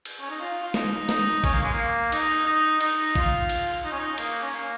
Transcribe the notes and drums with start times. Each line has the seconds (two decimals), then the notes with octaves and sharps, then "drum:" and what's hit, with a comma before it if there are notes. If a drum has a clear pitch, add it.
0.05 drum: cymbal
0.20 C#4
0.30 D#4
0.40 F4
0.62 F4
0.74 D#4, drum: snare
1.09 D#4, drum: snare
1.44 C#4, drum: kick, cymbal
1.53 A#3
1.63 G#3
1.72 A#3
2.12 D#4, drum: cymbal
2.46 D#4
2.81 D#4, drum: cymbal
3.15 F4, drum: kick
3.49 drum: cymbal
3.84 D#4
3.92 C#4
3.99 D#4
4.18 A#3, drum: cymbal
4.42 C#4
4.53 A#3